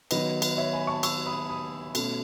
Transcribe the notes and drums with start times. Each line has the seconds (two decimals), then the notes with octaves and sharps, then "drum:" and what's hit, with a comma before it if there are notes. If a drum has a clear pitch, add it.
0.11 D#3 F#3 B3 B4 D#5, drum: cymbal
0.42 drum: cymbal
0.57 C#5 E5
0.73 G#5 B5
0.87 A5 C#6
1.03 C#6 E6, drum: cymbal
1.26 B5 D#6
1.50 B5 D#6
1.95 B2 A3 C#4, drum: cymbal